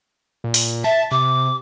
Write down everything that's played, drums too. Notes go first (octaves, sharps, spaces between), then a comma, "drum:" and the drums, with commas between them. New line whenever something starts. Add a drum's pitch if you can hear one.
A#2
drum: open hi-hat
E5 A5
C3 D6